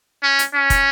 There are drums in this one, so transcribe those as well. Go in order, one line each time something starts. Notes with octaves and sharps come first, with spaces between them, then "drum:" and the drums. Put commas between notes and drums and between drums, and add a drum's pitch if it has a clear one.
C#4
drum: hi-hat
C#4
drum: kick, hi-hat